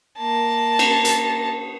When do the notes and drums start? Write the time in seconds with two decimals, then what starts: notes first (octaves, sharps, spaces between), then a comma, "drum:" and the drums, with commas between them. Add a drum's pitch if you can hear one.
0.18 A#3 A5
0.79 drum: cymbal
1.05 drum: hi-hat